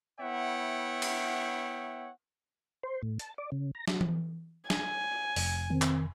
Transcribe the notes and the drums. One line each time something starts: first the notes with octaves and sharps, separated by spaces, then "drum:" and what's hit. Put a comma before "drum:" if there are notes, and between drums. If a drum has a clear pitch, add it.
B3 E4 C#5 E5 F#5 G5
drum: cymbal
C5
A2
A5, drum: hi-hat
D5
C#3
A#5
F#3, drum: snare
drum: tom E3
G#5, drum: snare
F1, drum: open hi-hat
D#3 C4
drum: clap